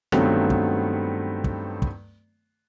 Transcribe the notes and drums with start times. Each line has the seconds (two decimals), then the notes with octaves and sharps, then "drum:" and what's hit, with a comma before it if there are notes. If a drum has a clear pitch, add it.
0.12 G2 D#3 F#3 A3 B3 C4, drum: rim click
0.50 drum: kick
1.44 drum: kick
1.82 drum: kick